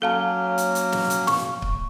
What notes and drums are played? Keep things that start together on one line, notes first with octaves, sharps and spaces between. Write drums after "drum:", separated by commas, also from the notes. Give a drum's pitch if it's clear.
F#3 A#3 C#4 A4 F5 A5
drum: hi-hat
drum: hi-hat
drum: snare
drum: hi-hat
C#6, drum: snare
drum: kick C#1